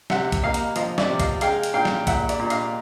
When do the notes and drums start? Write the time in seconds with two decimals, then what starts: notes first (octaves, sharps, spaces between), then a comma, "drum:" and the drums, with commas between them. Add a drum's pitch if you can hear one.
0.10 C3 E5 F#5, drum: snare
0.32 drum: kick B1, hi-hat
0.43 A#3 D#5 F5
0.54 drum: hi-hat
0.76 F3 D#5 F5, drum: hi-hat
0.98 D5 E5, drum: snare
1.08 C3
1.20 D#5 F5, drum: kick B1, hi-hat
1.41 G#3 F5 G5, drum: hi-hat
1.63 drum: hi-hat
1.74 A#2 F5 G5
1.85 drum: snare
2.07 A#2 E5 F#5, drum: kick B1, hi-hat
2.29 D5 E5, drum: hi-hat
2.40 A#2
2.50 D#5 F5, drum: hi-hat